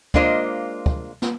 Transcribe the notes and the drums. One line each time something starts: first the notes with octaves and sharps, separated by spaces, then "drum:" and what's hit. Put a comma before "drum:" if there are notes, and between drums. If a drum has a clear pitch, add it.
G#3 A#3 D4 F4 C5 D#5, drum: kick
drum: kick
drum: snare